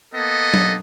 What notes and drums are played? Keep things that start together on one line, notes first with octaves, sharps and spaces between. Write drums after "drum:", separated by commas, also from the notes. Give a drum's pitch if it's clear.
A#3 B3 A4 D#5
drum: tom F#3